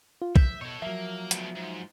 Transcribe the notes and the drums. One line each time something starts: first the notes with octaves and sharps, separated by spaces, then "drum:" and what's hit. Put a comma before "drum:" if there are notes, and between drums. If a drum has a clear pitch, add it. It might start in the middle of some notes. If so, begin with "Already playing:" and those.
F4
E5 G6, drum: kick
B2 A4 C#5
F3 F#3 A#3 E5
D2 B2, drum: hi-hat
G#2